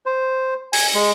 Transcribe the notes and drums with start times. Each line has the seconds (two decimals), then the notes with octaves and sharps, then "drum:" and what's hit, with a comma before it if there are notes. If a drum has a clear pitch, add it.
0.06 C5
0.73 G#5, drum: open hi-hat
0.94 G#3